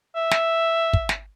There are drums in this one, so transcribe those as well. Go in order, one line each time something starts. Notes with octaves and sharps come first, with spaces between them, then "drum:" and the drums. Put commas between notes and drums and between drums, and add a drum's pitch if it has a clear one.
E5
drum: snare
drum: kick
drum: snare